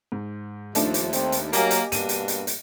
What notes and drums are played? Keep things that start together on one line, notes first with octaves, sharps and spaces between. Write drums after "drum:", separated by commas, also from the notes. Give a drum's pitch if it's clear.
G#2
D#2 F3 A3 D4 D#4, drum: hi-hat
drum: hi-hat
C4, drum: hi-hat
drum: hi-hat
F#3 A#3 G4 D#5 G#5, drum: hi-hat
drum: hi-hat
G2 B2 A#3 D4 D#7, drum: hi-hat
drum: hi-hat
drum: hi-hat
drum: hi-hat